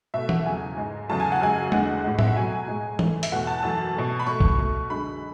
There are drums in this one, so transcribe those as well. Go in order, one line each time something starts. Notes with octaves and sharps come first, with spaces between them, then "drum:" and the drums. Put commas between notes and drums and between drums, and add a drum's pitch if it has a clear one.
B2 A3 E5
F#5, drum: tom E3
E2 C#3 F#3 A3 G#5
G#2 G#3
E2 C#3 F#3 A3 A5
G#5
F#5
F#2 C#3 G#3 G#5
E2 D3 G#3 F#5, drum: tom
A2 G#3
E5, drum: tom A2
F#5
B2 F#3 A3 G#5
G#5
A2 G#3
G#2 E3 A3, drum: tom E3
E5, drum: hi-hat
E2 B2 A3 F#5
A5
F#2 E3 A3 A5
B2 A3
B5
B2 A3 C#6
drum: kick
B2 A3
F#2 D3 G#3 B5